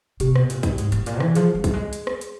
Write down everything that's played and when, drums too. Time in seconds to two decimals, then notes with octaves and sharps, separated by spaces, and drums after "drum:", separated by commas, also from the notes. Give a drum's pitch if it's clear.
0.20 C3 G4, drum: hi-hat
0.36 B2, drum: rim click
0.50 A#2, drum: hi-hat
0.63 A2, drum: kick B1, hi-hat
0.78 G#2, drum: hi-hat
0.92 A2, drum: hi-hat
1.06 A#2, drum: hi-hat
1.20 E3, drum: rim click
1.35 F3 G#4, drum: hi-hat
1.55 G3
1.64 drum: kick B1, hi-hat
1.73 G#3
1.93 drum: hi-hat
2.07 drum: rim click
2.21 drum: hi-hat